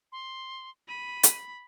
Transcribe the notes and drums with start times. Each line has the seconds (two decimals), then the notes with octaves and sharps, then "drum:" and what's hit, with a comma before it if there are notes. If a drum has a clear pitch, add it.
0.12 C6
0.89 B5 D#7
1.23 drum: hi-hat